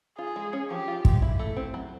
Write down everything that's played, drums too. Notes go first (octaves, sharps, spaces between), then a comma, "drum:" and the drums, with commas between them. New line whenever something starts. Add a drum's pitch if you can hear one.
F4 G#4
G#3
C#4
F3 G4
F4
G#3, drum: kick
E4
A3
C4
F#3